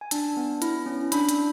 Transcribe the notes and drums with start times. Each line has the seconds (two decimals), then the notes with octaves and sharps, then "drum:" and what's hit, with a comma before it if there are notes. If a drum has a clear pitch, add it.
0.01 G#5
0.11 D4 A5, drum: hi-hat
0.37 B3
0.62 E4, drum: hi-hat
0.86 C#4
1.12 D4 B5, drum: hi-hat
1.29 drum: hi-hat